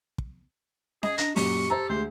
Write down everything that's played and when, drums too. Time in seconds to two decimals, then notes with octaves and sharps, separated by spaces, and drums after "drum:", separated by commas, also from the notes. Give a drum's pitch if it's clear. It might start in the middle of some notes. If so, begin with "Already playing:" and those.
0.18 drum: kick
1.03 G#4 D#5, drum: snare C#4
1.18 D4 A#5, drum: hi-hat
1.36 F#2 A#2 F#3 G4 C#6, drum: open hi-hat
1.70 A4 C5 A5 A#5
1.89 D2 D3 G#3 C5